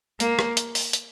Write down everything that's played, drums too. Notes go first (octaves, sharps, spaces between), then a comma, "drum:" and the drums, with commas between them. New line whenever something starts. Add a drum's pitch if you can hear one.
A#3, drum: hi-hat
drum: rim click
drum: hi-hat
drum: open hi-hat
drum: hi-hat